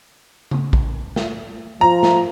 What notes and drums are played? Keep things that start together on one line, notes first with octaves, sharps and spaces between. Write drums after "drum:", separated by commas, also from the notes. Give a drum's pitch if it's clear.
drum: tom C#3
drum: kick A#1
drum: snare
F3 A#5
drum: snare